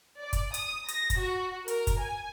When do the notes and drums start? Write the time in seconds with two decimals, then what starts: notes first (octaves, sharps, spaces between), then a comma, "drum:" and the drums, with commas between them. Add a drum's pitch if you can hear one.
0.21 D5
0.33 drum: kick, hi-hat
0.54 D#6, drum: hi-hat
0.88 A#6, drum: hi-hat
1.10 drum: kick, hi-hat
1.21 F#4
1.68 A#4, drum: hi-hat
1.87 drum: kick, hi-hat
2.00 G#5